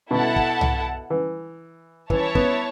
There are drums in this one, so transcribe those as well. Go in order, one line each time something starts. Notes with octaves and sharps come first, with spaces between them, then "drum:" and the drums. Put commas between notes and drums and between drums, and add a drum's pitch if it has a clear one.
B2 E4 A4 F#5 A5
drum: kick
drum: tom C2
E3
E3 E4 C#5 A5, drum: kick
B3, drum: kick